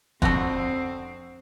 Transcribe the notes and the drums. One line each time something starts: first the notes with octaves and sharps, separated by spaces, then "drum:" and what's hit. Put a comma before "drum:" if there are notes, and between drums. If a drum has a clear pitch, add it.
F2 D3 C4 F#4, drum: kick